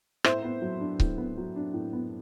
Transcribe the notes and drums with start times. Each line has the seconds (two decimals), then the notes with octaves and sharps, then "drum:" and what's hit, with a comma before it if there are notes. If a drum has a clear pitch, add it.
0.24 A2 C5 E5, drum: rim click
0.43 B3
0.62 F#3
0.80 D4
1.00 A2, drum: kick C#1
1.18 B3
1.37 F#3
1.56 D4
1.73 A2
1.93 B3